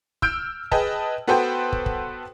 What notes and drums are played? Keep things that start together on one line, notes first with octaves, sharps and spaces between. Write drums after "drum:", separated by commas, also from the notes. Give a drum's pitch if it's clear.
E6 F6 G6 D7, drum: kick
G#4 B4 D#5 G5 A5, drum: kick
B3 F#4 A4 B4 C5 G5
drum: kick
drum: kick